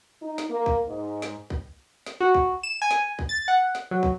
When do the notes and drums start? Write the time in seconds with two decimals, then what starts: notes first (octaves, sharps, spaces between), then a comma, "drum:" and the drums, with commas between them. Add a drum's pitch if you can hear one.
0.22 D#4
0.38 drum: snare
0.50 A#3
0.66 drum: kick
0.87 G#2
1.22 drum: snare
1.50 drum: kick
2.06 drum: snare
2.20 F#4
2.35 drum: kick
2.63 E7
2.82 G#5
2.91 drum: snare
3.19 drum: kick
3.29 A6
3.48 F#5
3.75 drum: snare
3.91 F#3
4.03 drum: kick